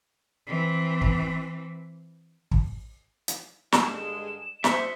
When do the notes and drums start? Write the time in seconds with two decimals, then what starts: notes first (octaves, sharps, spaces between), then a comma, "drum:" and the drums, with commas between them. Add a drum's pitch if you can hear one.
0.47 E3 C4
1.01 drum: kick
2.51 drum: kick
3.28 drum: hi-hat
3.72 G2 D3 G#3 E7, drum: snare
4.64 D#4 F#4 C5 E5 C#7, drum: snare